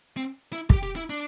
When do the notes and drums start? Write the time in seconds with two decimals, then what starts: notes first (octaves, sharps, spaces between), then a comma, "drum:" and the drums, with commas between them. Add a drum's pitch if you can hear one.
0.17 C4
0.53 E4
0.70 G4, drum: kick
0.83 G4
0.96 E4
1.10 D4